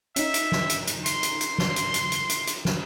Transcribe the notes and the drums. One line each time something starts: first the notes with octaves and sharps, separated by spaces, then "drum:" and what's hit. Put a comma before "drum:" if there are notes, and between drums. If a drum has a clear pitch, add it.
C#4 D#4 E5, drum: hi-hat
drum: hi-hat
drum: snare
drum: hi-hat
drum: hi-hat
C6, drum: hi-hat
drum: hi-hat
drum: hi-hat
drum: snare
drum: hi-hat
drum: hi-hat
drum: hi-hat
drum: hi-hat
drum: hi-hat
drum: snare